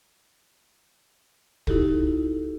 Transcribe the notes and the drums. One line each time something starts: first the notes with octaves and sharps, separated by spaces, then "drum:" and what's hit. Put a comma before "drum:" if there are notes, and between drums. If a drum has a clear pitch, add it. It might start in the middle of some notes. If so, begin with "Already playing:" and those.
D#4 E4 F#4 G4 A4, drum: kick